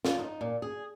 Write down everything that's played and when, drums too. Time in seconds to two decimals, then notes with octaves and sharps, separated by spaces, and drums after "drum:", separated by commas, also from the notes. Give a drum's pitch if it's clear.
0.05 F4, drum: snare
0.19 D#4
0.41 A#2
0.62 G#4